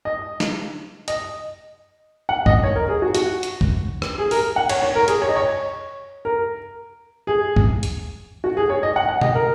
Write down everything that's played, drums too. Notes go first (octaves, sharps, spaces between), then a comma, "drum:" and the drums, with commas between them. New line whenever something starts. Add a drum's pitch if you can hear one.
D#5
drum: snare
D#5, drum: hi-hat
F#5
D#5, drum: kick
C#5
A#4
G#4
F#4
F#4, drum: hi-hat
drum: hi-hat
drum: kick
drum: rim click
G#4
A#4, drum: open hi-hat
F#5
C#5, drum: cymbal
C#5
A#4
G#4, drum: hi-hat
C#5
D#5
C#5
A#4
G#4
drum: kick
drum: hi-hat
F#4
G#4
C#5
D#5
F#5
F#5
D#5, drum: tom
A#4